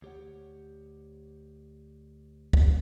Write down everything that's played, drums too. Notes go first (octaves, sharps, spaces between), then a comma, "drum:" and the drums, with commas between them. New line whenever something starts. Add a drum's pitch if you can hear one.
D2 G4 C#5 F#5
drum: kick